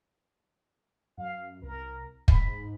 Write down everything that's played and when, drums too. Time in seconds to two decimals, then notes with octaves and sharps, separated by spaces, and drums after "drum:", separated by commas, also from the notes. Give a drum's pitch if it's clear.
1.18 F#2 F5
1.62 C2 A#4
2.28 G#2 B5, drum: kick